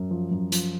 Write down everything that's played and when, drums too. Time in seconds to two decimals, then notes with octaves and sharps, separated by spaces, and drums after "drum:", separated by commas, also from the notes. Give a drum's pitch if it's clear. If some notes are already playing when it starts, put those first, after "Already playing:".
Already playing: F#2
0.11 F3
0.31 F#2
0.52 F3, drum: hi-hat